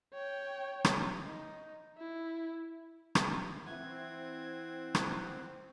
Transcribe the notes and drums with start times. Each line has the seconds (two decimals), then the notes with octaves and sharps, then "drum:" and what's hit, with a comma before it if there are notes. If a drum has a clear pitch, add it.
0.13 C#5 G5
0.85 drum: rim click
1.24 D#4
1.98 E4
3.15 drum: rim click
3.66 E3 C4 E4 E5 F#5 G#6
4.95 drum: rim click